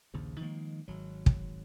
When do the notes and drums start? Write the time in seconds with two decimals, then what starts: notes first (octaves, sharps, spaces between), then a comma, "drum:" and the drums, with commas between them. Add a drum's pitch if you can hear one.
0.14 A#1 D#2 C#3 F3
0.40 D#3 F3 G#3 A#3
0.88 G#1 F#3
1.26 drum: kick